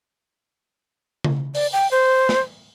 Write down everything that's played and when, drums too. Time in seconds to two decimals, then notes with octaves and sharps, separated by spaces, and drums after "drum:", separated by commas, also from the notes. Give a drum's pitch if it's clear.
1.24 drum: tom C#3
1.55 D5, drum: open hi-hat
1.73 G5
1.91 C5
2.29 drum: snare